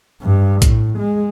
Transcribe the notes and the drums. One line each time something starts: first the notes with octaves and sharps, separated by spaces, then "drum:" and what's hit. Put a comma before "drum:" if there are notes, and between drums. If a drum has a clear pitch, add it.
G2
A2, drum: kick, hi-hat
G#3